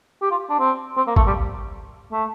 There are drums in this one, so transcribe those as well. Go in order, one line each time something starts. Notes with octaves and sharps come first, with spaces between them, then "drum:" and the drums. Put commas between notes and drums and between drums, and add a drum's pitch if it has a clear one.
G4
F4
D4
C4
C4
A#3
A3, drum: kick
G3
A3